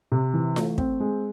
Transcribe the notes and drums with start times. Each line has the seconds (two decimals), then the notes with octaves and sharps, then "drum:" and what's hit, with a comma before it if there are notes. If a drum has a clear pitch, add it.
0.12 C3
0.34 E3
0.56 A3, drum: snare F4
0.78 C4, drum: kick
1.00 G#3